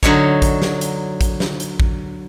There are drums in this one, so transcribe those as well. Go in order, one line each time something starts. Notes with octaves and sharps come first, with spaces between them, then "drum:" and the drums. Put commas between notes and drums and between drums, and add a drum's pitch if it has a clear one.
D3 F#3 D#4 C#5, drum: kick A1
drum: kick A1, hi-hat
drum: snare
drum: hi-hat
drum: kick A1, hi-hat
drum: snare
drum: hi-hat
drum: kick A1